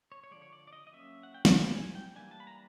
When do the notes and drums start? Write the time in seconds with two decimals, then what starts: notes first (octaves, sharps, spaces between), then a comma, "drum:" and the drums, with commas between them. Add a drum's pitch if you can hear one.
0.12 C#5
0.24 C#5
0.31 D3 F3 G#3 D5
0.42 C#5
0.53 D5
0.67 D5
0.73 D#5
0.87 D#5
0.93 F#3 A#3 C#4 E5
1.23 F#5
1.34 G5
1.45 F#5, drum: snare
1.54 G3 C4 G5
1.70 A5
1.75 G#5
1.95 G5
2.16 E3 G3 A#3 D4 G#5
2.31 A5
2.40 B5
2.47 A#5